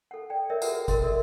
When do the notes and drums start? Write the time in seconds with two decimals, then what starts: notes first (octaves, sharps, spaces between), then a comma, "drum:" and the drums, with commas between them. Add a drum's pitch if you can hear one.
0.11 A4 F#5
0.30 D5 G5
0.50 A#4 C#5 D5 E5
0.62 F#4 G#4 A4 B4 F#5 A#5, drum: tambourine
0.88 A#4 D#5 C6, drum: kick G#1, tambourine
1.03 A4 A#4 D5 E5